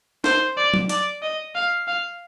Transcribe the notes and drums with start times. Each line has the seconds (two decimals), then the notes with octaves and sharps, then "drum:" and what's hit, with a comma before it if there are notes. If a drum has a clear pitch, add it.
0.24 C5, drum: snare
0.57 D5
0.74 drum: tom
0.89 D5, drum: hi-hat
1.22 D#5
1.55 F5
1.88 F5